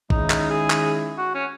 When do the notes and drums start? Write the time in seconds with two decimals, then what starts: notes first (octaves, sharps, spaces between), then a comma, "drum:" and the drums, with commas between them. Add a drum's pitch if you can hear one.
0.10 D#3 G#3 C#4 D#4 E4, drum: kick
0.30 drum: clap
0.50 G#4
0.70 drum: clap
1.18 F#4
1.35 C#4